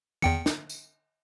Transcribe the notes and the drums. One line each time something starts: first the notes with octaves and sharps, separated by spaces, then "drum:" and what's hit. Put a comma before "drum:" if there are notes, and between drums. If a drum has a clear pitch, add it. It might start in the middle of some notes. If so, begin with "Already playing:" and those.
E2 G5 C#7, drum: tom
drum: snare
drum: tambourine